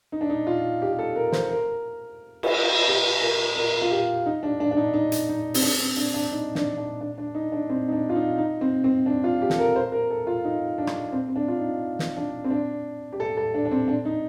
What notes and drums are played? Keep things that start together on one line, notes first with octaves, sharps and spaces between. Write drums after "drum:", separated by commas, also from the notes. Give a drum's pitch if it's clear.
D#4
D4
D#4
F4
G4
A4
A#4
C5, drum: snare
A#4
drum: cymbal
G4
A#4
A#4
F4
G4
D#4
D4
D4
D4
D#4
D#4
drum: hi-hat
D#4
C4, drum: open hi-hat
D4
C4
D4
D4
D#4
D4, drum: snare
D4
D4
D4
D#4
D4
C4
D#4
D4
F4
D#4
D#4
C4
C4
D4
F4
G4
A4, drum: snare
A#4
C5
A#4
A4
F4
D#4
D4
drum: rim click
C4
C4
D4
F4
D#4
drum: snare
D4
C4
D4
G4
A4
A4
D4
D4
C4
D4
D#4